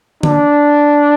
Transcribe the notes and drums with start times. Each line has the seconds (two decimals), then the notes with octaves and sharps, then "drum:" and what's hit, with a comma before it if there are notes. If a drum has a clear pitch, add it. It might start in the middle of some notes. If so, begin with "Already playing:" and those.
0.23 D4, drum: tom D3